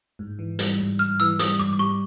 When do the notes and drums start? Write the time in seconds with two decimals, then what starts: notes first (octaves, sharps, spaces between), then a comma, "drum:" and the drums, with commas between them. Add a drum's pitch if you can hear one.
0.19 G#2
0.39 E3
0.59 G3, drum: hi-hat
0.80 G#2
0.99 G#2 F6
1.20 E3 E6
1.39 G3 D#6, drum: hi-hat
1.59 G#2 D6
1.73 D6
1.79 G3 C#6